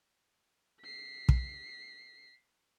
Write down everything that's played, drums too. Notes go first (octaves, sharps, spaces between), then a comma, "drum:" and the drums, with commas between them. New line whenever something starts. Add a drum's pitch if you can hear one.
B6 C7
drum: kick